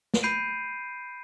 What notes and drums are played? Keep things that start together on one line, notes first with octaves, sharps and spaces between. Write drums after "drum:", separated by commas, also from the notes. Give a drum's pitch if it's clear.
drum: snare
B5 G6 C7 D7 D#7